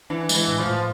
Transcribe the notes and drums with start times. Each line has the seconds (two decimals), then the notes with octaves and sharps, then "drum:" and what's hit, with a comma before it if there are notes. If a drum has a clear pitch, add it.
0.10 E3 D4
0.29 G#3, drum: tambourine
0.35 E3
0.48 A2
0.59 F3
0.66 A2